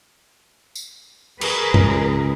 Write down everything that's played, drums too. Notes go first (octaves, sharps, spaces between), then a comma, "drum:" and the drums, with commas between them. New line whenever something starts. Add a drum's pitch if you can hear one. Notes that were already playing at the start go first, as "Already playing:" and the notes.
drum: tambourine
G#4 A#4 B4, drum: cymbal
C#2, drum: tom